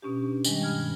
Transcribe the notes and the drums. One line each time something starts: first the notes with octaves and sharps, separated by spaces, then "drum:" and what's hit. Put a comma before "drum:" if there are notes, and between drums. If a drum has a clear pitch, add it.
B2 C#4 D4 G4
D#3 G3 G#3, drum: tambourine
G2 B2 F6 G#6